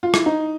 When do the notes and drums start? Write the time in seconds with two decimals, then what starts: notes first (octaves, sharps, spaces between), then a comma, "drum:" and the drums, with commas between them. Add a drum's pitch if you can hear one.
0.03 F4
0.14 E4, drum: rim click
0.26 D#4